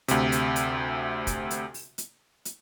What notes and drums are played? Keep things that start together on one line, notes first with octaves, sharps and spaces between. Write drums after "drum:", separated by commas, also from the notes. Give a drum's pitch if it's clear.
D2 C3, drum: hi-hat
drum: hi-hat
drum: hi-hat
drum: kick, hi-hat
drum: hi-hat
drum: open hi-hat
drum: hi-hat
drum: hi-hat